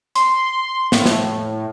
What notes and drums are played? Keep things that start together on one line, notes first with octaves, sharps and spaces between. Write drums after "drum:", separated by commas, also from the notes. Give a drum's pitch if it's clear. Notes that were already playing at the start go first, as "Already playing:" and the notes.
C6, drum: hi-hat
A2, drum: snare
drum: snare